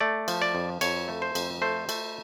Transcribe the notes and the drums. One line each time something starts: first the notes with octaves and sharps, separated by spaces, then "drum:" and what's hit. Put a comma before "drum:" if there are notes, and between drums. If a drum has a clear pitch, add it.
A3 D5
F3, drum: cymbal
D5
F2
F2 C#5, drum: cymbal
A3
C5
F2, drum: cymbal
A3 C5
A3, drum: cymbal